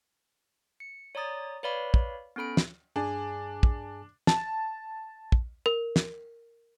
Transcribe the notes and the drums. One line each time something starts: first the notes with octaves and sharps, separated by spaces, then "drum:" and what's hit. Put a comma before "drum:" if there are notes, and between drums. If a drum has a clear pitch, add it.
C#7
C#5 D5 A#5 D#6 A6
B4 C#5 D5 F5 B5
drum: kick
B3 C#4 A4 B5 D7
drum: snare
G2 D4 G#4 G#5
drum: kick
A5, drum: snare
drum: kick
A#4
drum: snare